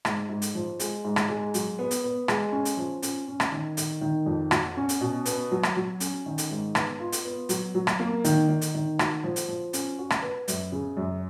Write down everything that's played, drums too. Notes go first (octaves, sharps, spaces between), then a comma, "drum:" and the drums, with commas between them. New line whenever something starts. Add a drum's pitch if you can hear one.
G#2, drum: rim click
G#2
drum: hi-hat
F3
G#3, drum: hi-hat
G#2
drum: rim click
G#3
F#3, drum: hi-hat
B3
drum: hi-hat
B3
G#3, drum: rim click
C#4
drum: hi-hat
F3
C#4, drum: hi-hat
C#4
drum: rim click
D#3
D#3, drum: hi-hat
D#3
F2
F#4, drum: rim click
C#4
drum: hi-hat
B2
B3, drum: hi-hat
F#3
drum: rim click
F#3
C#4, drum: hi-hat
D#3
drum: hi-hat
G#2
B3, drum: rim click
F4
drum: hi-hat
B3
F#3, drum: hi-hat
F#3
drum: rim click
A#3
D#3, drum: hi-hat
D#3
drum: hi-hat
D#3
F#4, drum: rim click
F3
drum: hi-hat
F3
C#4, drum: hi-hat
F#4
drum: rim click
B4
F#2, drum: hi-hat
C#3
F#2